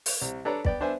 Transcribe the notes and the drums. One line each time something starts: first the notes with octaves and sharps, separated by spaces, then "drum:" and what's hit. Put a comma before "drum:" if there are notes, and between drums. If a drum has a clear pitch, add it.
drum: open hi-hat
C2
D4 A4 B4 C#5 D5 A#5
B3 D5 G5, drum: kick
B3 D4 C5 E5 G#5